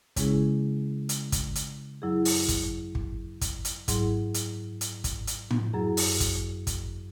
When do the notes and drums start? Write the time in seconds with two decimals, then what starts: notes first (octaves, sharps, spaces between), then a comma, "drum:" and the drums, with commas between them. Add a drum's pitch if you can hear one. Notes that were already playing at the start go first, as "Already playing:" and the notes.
0.16 C#3 G#3 C#4 E4 G#4, drum: kick, hi-hat
1.09 drum: hi-hat
1.32 drum: kick, hi-hat
1.55 drum: hi-hat
2.02 F#2 F#3 E4 G#4
2.25 drum: open hi-hat
2.48 drum: kick, hi-hat
2.95 drum: kick
3.41 drum: kick, hi-hat
3.65 drum: hi-hat
3.88 G#2 F#3 E4 G#4, drum: kick, hi-hat
4.34 drum: hi-hat
4.81 drum: hi-hat
5.04 drum: kick, hi-hat
5.27 drum: hi-hat
5.51 drum: tom A2
5.73 F#2 F#3 E4 G#4
5.97 drum: open hi-hat
6.20 drum: kick, hi-hat
6.67 drum: kick, hi-hat